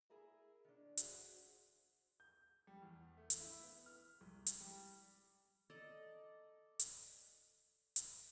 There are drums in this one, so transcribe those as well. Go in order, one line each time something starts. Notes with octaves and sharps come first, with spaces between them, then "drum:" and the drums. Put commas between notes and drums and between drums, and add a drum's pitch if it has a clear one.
E4 G#4 A#4 E5
D#3 D4
F#4 G#4 C5 E5 F#5, drum: hi-hat
G6
G3
E2
A3
drum: hi-hat
E4
B3
F6
C2
drum: hi-hat
G3
A4 D5 D#5 A#5
drum: hi-hat
drum: hi-hat